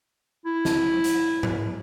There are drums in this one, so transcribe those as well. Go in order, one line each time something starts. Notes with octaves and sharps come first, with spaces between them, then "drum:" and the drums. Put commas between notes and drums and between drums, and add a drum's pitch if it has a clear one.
E4
drum: snare
drum: hi-hat
drum: tom G#2